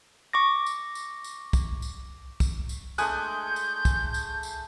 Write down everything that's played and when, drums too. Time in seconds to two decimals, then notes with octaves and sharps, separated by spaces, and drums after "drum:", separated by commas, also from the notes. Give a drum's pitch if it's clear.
0.33 C#6 D6 A#6
0.66 drum: tambourine
0.95 drum: tambourine
1.24 drum: tambourine
1.53 drum: kick, tambourine
1.82 drum: tambourine
2.40 drum: kick, tambourine
2.69 drum: tambourine
2.98 G#3 A3 D4 G#5 D#6 F#6 G6, drum: tambourine
3.56 drum: tambourine
3.85 drum: kick, tambourine
4.14 drum: tambourine
4.43 drum: tambourine